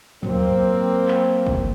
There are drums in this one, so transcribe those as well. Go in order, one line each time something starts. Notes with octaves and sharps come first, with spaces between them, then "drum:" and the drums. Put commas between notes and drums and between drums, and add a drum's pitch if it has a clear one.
F#3 A#3 C4, drum: tom
drum: clap
drum: kick